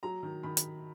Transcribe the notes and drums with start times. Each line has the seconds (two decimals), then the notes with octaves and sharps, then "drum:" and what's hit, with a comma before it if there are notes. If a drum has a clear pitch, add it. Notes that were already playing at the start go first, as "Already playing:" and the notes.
0.03 F#3 A#5
0.23 D#3
0.43 D#3 B5
0.57 drum: hi-hat